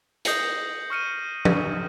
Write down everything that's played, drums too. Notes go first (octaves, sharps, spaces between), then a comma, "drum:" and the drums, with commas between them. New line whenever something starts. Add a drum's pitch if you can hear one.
D#6 G6 A#6 C7 C#7 F#7, drum: hi-hat
C#6 F6 C#7 D#7
C#6, drum: tom F3